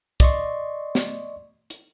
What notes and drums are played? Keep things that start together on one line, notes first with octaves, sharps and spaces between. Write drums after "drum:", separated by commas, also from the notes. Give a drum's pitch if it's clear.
D5 D#5 C6 C#6, drum: kick, hi-hat
drum: snare
drum: hi-hat